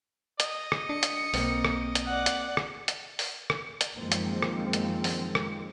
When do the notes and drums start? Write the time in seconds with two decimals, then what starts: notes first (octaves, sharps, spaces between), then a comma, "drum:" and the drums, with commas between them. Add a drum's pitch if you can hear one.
0.40 D#5, drum: hi-hat
0.72 drum: rim click
0.89 D4 C#7
1.03 drum: hi-hat
1.34 B1 A#3 C4, drum: open hi-hat
1.65 drum: rim click
1.95 drum: hi-hat
2.06 D5 F#5
2.26 drum: hi-hat
2.57 drum: rim click
2.88 drum: hi-hat
3.19 drum: open hi-hat
3.50 drum: rim click
3.81 drum: hi-hat
3.95 F#2 D#3 F3 G#3 A#3 C4
4.12 drum: hi-hat
4.42 drum: rim click
4.73 drum: hi-hat
5.04 drum: open hi-hat
5.35 drum: rim click